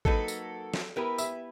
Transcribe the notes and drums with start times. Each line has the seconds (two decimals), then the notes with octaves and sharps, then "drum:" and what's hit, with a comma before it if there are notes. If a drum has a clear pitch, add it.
0.05 F#3 A#3 D#4 F#4 A4 B4, drum: kick G#1
0.28 drum: tambourine
0.74 drum: snare
0.96 B3 E4 G4 A#4 B4
1.18 E5, drum: tambourine